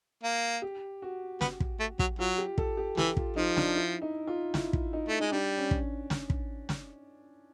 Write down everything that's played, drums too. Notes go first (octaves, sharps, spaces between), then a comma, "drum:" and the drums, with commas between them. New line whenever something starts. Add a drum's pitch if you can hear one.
A#3
G4
F#4
B3, drum: snare
drum: kick
A3
F#3, drum: kick
F#3 F4
G4
A4, drum: kick
G4
E3 G4, drum: snare
F4, drum: kick
F3 D#4
D4, drum: snare
E4
D#4
F4
E4, drum: snare
drum: kick
D#4
A3
G#3 D#4
G3 D4
C#4
drum: kick
drum: snare
drum: kick
drum: snare